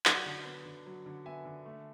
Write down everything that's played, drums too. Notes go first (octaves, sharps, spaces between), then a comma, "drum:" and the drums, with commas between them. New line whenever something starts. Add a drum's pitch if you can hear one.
F#3 D5 F#5, drum: clap
D3
B3
D3
F#3
D3
B3 E5 G#5
D3
A3